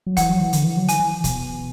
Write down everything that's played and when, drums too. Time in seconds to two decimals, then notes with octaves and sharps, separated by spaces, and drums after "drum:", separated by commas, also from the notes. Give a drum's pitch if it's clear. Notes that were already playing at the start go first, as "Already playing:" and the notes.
0.06 F#3
0.17 E3 F#5, drum: kick C#1, hi-hat
0.29 F#3
0.41 E3
0.53 D3, drum: hi-hat
0.64 E3
0.77 F#3
0.88 E3 G#5, drum: hi-hat
1.00 E3
1.24 B2, drum: kick C#1, hi-hat